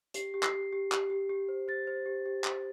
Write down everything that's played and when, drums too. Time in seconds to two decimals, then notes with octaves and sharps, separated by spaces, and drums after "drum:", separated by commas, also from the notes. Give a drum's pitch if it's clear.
0.14 G4 C7, drum: hi-hat
0.34 G4
0.43 C7, drum: clap
0.54 G4
0.73 G4
0.92 G4, drum: clap
1.10 G4
1.30 G4
1.49 C5
1.68 C5 A6
1.87 C5
2.06 G4
2.26 G4
2.44 C5, drum: clap